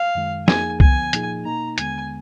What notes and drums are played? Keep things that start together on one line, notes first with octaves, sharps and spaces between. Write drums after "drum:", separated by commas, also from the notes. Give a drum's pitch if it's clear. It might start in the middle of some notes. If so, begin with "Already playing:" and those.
Already playing: F5
F#2 D#3 G#3
F2 F3 A#3 D#4 G#4 G#5, drum: snare
D2 D3 F3 B3 G#5, drum: kick C2
A#2 F3 A#3 D#4 G#4, drum: hi-hat
B2 A#3 D#4 A#5
D#2 D3 G#3 B3 G#5, drum: hi-hat